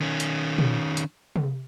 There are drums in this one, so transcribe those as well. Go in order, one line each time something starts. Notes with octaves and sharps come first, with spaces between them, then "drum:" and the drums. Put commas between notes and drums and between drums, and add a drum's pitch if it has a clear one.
D#3 C#4
drum: hi-hat
drum: tom A#2
drum: hi-hat
drum: tom C3